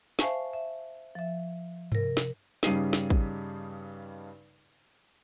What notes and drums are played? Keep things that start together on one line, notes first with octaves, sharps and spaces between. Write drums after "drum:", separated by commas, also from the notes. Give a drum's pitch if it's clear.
C5 E5 F5 G#5 A5 C#6, drum: snare
E5
F3 E5
C3 A#4, drum: tom G2
drum: snare
G2 C#3 G3 D#4 C7 D#7, drum: snare
drum: snare
drum: kick